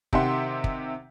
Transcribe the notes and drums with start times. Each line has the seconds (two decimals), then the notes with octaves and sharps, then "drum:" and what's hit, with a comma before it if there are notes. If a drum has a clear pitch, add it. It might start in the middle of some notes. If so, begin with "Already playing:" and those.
0.13 C3 D#3 G4 E5 F#5 C6, drum: kick
0.64 drum: kick